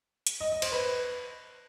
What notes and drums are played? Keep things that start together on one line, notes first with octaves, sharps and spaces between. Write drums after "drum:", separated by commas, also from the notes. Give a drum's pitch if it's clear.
drum: hi-hat
D#5
D#5
C5, drum: cymbal
B4